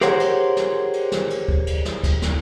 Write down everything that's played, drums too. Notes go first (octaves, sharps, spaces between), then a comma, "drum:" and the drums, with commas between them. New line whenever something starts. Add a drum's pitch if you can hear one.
G4 G#4 A#4 C5 C#5 F#5, drum: snare
drum: cymbal
drum: snare
drum: cymbal
drum: snare
drum: cymbal
drum: kick D2
drum: cymbal
drum: snare
drum: kick D2, cymbal
drum: snare